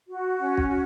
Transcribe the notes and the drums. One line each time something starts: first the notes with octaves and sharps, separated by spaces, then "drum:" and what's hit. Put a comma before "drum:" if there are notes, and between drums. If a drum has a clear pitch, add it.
F#4
C#4
drum: kick B1
F#4